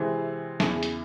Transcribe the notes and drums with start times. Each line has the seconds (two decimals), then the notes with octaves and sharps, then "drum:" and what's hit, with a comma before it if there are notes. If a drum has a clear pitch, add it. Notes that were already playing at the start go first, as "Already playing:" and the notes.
Already playing: C3 E3 G#3 C4
0.60 E2 C#3 E3, drum: snare
0.83 drum: hi-hat